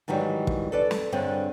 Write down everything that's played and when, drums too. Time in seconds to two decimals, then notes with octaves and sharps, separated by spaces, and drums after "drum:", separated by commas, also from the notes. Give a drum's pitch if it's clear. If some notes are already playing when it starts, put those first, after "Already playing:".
0.08 G#2 D#3 E3 F#3 G3
0.47 drum: kick
0.72 A4 B4 D5 A5
0.91 drum: snare
1.12 G2 D3 C4 C#4 G#4